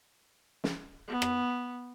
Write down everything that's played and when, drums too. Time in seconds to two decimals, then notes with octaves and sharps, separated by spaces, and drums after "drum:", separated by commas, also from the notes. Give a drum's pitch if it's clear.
0.64 drum: snare
1.08 B3
1.22 drum: rim click